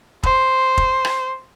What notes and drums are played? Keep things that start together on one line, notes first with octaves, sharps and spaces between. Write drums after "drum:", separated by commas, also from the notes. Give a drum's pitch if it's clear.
C5, drum: kick F1
drum: kick F1
drum: rim click